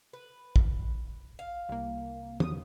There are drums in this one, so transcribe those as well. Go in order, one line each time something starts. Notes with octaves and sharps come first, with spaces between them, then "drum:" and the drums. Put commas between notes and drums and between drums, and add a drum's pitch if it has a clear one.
B4
drum: kick
F5
C2 A#3
E2 F#3 D#6, drum: tom